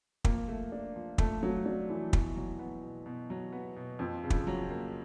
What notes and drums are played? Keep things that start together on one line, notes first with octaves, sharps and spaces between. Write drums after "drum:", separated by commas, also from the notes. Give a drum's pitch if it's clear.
F3 A#3, drum: kick
A3
D4
F3
F3 A3, drum: kick
F#3 A3
F#3 D4
E3 F3
B2, drum: kick
F#3
B3
B2
B2
F#3
B3
B2
F2 F3
C#3
F3, drum: kick
F#3
F3
A#3